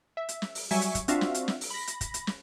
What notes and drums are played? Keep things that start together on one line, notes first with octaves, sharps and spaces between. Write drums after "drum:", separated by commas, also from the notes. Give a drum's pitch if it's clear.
E5
drum: hi-hat
drum: snare
drum: open hi-hat
F#3 G3 E5 G#5 C#6, drum: open hi-hat
drum: hi-hat
drum: kick, hi-hat
C4 D4 F4 F#4 E5 F5, drum: hi-hat
drum: snare
drum: hi-hat
drum: snare
drum: open hi-hat
B5 A#6
drum: hi-hat
drum: kick, hi-hat
drum: hi-hat
drum: snare